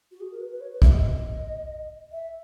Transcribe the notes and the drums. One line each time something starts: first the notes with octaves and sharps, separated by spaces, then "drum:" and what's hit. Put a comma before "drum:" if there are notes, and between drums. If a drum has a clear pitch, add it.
F#4
G#4
A#4
B4
B4
C#5
B4
E5, drum: kick
D#5
E5